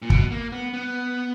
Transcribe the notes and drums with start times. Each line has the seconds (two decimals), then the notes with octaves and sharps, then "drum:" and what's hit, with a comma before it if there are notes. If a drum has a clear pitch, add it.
0.02 A#2
0.10 B2, drum: kick
0.32 A#3
0.52 B3
0.74 B3